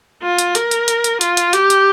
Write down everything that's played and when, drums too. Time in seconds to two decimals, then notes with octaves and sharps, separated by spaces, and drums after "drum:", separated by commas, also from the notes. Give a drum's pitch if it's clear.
0.22 F4
0.39 drum: hi-hat
0.55 A#4, drum: hi-hat
0.71 drum: hi-hat
0.88 drum: hi-hat
1.04 drum: hi-hat
1.21 F4, drum: hi-hat
1.37 drum: hi-hat
1.53 G4, drum: hi-hat
1.70 drum: hi-hat